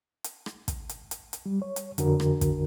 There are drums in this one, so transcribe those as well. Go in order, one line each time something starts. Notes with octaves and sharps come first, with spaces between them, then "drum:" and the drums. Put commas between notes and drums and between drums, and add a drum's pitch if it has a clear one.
drum: hi-hat
drum: rim click
drum: kick, hi-hat
drum: hi-hat
drum: hi-hat
drum: hi-hat
G3
C#5
drum: hi-hat
F2 D3 F#4 A#4, drum: hi-hat
drum: rim click
drum: kick, hi-hat